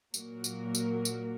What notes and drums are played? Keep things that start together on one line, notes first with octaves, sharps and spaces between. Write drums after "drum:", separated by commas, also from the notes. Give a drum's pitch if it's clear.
A#2 F#3 A#3 F#4 A#4, drum: tambourine
drum: tambourine
drum: tambourine
drum: tambourine